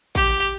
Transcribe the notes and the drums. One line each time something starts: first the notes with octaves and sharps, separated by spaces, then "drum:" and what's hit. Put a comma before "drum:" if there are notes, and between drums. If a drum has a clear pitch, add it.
G4, drum: kick A1